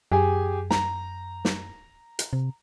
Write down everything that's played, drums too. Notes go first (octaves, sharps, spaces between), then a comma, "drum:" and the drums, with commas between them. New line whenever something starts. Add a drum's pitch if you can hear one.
F#2 G4 G#4 G#5
A#5, drum: snare
drum: snare
drum: hi-hat
C3